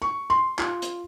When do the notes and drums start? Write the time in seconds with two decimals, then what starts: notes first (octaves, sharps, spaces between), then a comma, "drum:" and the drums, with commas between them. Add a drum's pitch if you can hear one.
0.02 C#6
0.30 C6
0.59 F4, drum: clap
0.82 drum: hi-hat